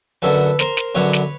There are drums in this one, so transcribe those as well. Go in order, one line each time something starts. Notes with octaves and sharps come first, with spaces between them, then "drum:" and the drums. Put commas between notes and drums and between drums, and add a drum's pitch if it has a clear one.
F#2 D3 F#3 A4 B4
A#4 C5, drum: snare
drum: snare
F#2 D3 F#3 B4 C#5
drum: snare